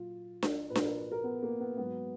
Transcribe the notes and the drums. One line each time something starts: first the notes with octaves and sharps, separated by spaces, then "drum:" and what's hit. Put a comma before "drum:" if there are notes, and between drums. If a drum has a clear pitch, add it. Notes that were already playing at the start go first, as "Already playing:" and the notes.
Already playing: A#2 F#3 F4
drum: snare D4
A#2 B4
F3, drum: snare D4
A#4
B4
A#4
B3
A#3
B3
G#2 F#3 B3